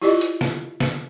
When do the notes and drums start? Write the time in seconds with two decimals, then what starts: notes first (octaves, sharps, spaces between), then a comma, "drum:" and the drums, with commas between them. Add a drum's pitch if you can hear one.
0.02 E4 F4 G4 D5 D#5
0.21 drum: hi-hat
0.41 drum: snare
0.80 drum: snare